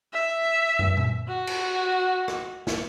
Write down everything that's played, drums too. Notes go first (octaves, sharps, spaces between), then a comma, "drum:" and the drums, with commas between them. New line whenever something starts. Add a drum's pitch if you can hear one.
E5
drum: tom
drum: tom A#2
F#4
drum: cymbal
drum: rim click
drum: snare